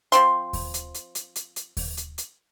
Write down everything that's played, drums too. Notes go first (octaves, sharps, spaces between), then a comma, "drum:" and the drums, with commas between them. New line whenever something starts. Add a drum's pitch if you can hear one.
F3 C4 C6, drum: hi-hat
drum: kick D#2, open hi-hat
drum: hi-hat
drum: hi-hat
drum: hi-hat
drum: hi-hat
drum: hi-hat
drum: kick D#2, open hi-hat
drum: hi-hat
drum: hi-hat